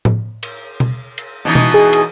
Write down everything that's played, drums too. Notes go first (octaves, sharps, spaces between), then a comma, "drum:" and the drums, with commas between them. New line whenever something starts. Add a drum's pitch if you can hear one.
drum: tom A2
drum: cymbal
drum: tom B2
drum: cymbal
B2 E3 D#4
drum: tom B2
G#4
drum: cymbal